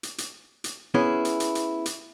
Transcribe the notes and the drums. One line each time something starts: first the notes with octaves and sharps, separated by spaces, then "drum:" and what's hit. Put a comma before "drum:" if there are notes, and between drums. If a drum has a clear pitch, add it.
drum: hi-hat
drum: hi-hat
drum: hi-hat
B3 C#4 E4 G#4
drum: hi-hat
drum: hi-hat
drum: hi-hat
drum: hi-hat